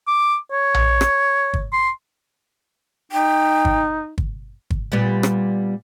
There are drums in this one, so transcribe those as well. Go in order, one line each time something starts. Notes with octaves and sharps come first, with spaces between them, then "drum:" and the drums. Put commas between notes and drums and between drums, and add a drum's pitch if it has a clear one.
D6
C#5
drum: tom A#1
drum: rim click
drum: kick
C6
D#4 G5
drum: kick
drum: kick
drum: kick
A#2 G3 B3
drum: rim click